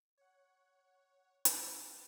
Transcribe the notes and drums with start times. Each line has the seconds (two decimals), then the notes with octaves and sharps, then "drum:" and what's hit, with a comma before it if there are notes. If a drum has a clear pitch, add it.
0.18 C#5 F#5
1.45 drum: hi-hat